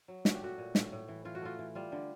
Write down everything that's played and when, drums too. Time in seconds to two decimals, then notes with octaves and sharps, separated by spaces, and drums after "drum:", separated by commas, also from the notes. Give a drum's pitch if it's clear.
0.08 F#3
0.25 A#2 F#4, drum: snare
0.35 G4
0.42 A3 F#4
0.58 A#2
0.75 A2, drum: snare
0.92 A2
1.09 E3
1.25 E3 F4
1.35 F#4
1.42 A3 F4
1.59 E3
1.75 G3 F4
1.92 D3